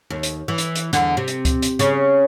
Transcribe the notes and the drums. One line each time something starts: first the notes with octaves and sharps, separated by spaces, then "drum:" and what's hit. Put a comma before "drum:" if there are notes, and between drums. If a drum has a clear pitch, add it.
D#2
drum: hi-hat
E3
drum: hi-hat
drum: hi-hat
E2 D3, drum: hi-hat
C3
drum: hi-hat
drum: kick C#2, hi-hat
drum: hi-hat
C#3, drum: hi-hat